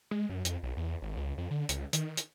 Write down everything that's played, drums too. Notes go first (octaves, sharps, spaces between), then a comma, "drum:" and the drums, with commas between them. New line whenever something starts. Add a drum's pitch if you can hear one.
G#3
F#2
F2, drum: hi-hat
B1
E2
G#1
C#2
F2
D3
C#2, drum: hi-hat
D#3, drum: hi-hat
drum: hi-hat